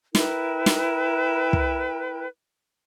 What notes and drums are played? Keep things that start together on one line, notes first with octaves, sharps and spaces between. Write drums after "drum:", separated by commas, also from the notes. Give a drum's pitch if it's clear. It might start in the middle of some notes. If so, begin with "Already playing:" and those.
E4 A#4 B4 G5, drum: snare
drum: snare
drum: kick